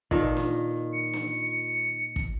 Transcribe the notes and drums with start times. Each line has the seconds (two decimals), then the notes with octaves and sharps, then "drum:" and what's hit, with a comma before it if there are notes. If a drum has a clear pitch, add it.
0.11 A#2 D#3 D#4 F4 D#5, drum: kick
0.37 drum: snare
0.93 C#7
1.13 drum: snare
2.16 drum: kick